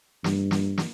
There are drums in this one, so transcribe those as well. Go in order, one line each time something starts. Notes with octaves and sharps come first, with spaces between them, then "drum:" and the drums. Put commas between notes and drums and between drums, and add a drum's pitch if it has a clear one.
G2, drum: snare
drum: snare
drum: snare